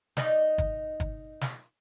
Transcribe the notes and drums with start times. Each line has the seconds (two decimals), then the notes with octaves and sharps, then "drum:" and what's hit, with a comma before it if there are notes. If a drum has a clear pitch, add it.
0.17 D#4 D5 D#5, drum: snare
0.58 drum: kick, hi-hat
1.00 drum: kick, hi-hat
1.41 drum: snare